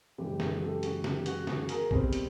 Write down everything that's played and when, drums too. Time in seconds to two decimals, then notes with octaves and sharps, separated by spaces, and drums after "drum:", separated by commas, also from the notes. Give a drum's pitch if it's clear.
0.18 F#2 C#3 E3 G#3 G4
0.40 F#4 G#4, drum: snare
0.62 G4 A4
0.83 F#4 G#4, drum: hi-hat
1.04 G4, drum: snare
1.26 F#4 G#4, drum: hi-hat
1.47 F#4 G#4, drum: snare
1.69 G#4 A#4, drum: hi-hat
1.91 B2 G3 C4, drum: kick A#1
2.13 drum: hi-hat